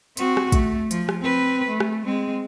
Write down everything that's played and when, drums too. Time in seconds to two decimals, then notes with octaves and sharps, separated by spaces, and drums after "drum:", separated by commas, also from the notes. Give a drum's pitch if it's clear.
0.17 C4 F#4, drum: hi-hat
0.37 drum: rim click
0.52 A3, drum: kick, hi-hat
0.91 F3, drum: hi-hat
1.09 drum: rim click
1.22 C4 B4
1.69 A3
1.80 drum: rim click
2.05 G#3 C4